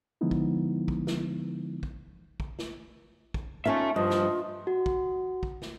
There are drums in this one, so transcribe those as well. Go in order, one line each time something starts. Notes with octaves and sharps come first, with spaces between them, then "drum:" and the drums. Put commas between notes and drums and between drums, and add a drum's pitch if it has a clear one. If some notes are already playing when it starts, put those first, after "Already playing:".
D3 F3 G#3 B3 D#4 E4
drum: kick
drum: kick
drum: snare
drum: kick
drum: kick
drum: snare
drum: kick
C#4 D#4 F4 E5 A5
G2 F3 F4 D#5
drum: snare
F#4
drum: kick
drum: kick
drum: snare